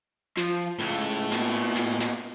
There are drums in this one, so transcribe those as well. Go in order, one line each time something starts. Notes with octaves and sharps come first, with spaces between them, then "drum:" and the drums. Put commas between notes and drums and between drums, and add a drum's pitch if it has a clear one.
F3, drum: snare
C#2 A2
B2 A#3, drum: snare
drum: snare
drum: snare